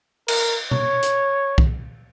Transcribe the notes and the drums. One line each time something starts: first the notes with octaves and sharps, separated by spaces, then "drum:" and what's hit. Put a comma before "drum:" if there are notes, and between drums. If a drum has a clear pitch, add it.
A#4, drum: cymbal
C#5, drum: tom B2
drum: hi-hat
drum: kick